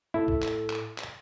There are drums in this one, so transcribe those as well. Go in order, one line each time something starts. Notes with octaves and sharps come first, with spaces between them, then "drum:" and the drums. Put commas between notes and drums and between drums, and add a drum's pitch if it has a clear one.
A2 E4 A4
drum: kick
drum: clap
drum: clap
drum: clap